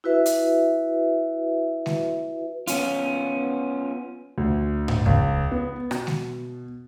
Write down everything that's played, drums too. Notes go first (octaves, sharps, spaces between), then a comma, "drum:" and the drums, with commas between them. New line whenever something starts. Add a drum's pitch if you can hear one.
E4 F#4 B4 E5
drum: hi-hat
drum: snare G#3
B3 C#4 F4, drum: hi-hat
D2
drum: tom G#2
C#2, drum: kick E2
B3
B2, drum: rim click
drum: snare G#3